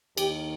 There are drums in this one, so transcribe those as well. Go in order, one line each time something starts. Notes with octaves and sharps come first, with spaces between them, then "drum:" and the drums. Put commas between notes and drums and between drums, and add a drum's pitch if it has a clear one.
D#2 D#3 G4, drum: cymbal